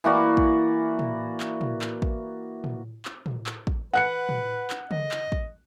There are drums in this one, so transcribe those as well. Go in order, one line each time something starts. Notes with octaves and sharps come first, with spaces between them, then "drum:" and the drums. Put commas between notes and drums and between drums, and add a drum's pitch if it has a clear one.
E3 A#3 F#4 D5
drum: kick
drum: tom
drum: clap
drum: tom
drum: clap
drum: kick
drum: tom
drum: clap
drum: tom
drum: clap
drum: kick
B4 F#5 F#6 C#7
drum: tom
drum: clap
D#5, drum: tom C#3
drum: clap
drum: kick